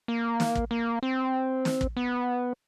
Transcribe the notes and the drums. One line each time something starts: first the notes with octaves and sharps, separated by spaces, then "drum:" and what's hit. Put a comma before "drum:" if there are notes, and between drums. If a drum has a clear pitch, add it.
A#3
drum: snare
drum: kick
A#3
C4
drum: snare
drum: kick
B3